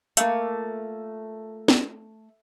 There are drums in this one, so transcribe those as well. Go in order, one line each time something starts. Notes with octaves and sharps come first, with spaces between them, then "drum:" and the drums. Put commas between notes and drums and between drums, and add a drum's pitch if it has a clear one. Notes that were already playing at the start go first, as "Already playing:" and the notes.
A3 A#3 F4 F5, drum: hi-hat
drum: snare